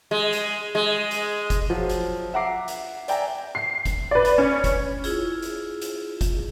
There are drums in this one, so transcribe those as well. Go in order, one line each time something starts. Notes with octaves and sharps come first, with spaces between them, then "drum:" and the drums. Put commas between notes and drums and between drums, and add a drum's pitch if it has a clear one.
G#3
drum: hi-hat
G#3
drum: hi-hat
drum: kick F#1, hi-hat
F3 F#3
drum: hi-hat
E5 F#5 A#5 D6 C7
drum: hi-hat
D5 E5 G5 G#5 A#5, drum: hi-hat
C7
drum: kick F#1, hi-hat
B4 D5
drum: hi-hat
C#4
drum: kick F#1, hi-hat
E4 F4 G#4, drum: hi-hat
drum: hi-hat
drum: hi-hat
drum: kick F#1, hi-hat